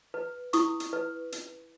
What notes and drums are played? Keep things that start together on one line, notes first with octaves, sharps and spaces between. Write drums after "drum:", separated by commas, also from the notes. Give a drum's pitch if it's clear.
B4
E4 C#6 D#6, drum: hi-hat
drum: hi-hat
B4
drum: hi-hat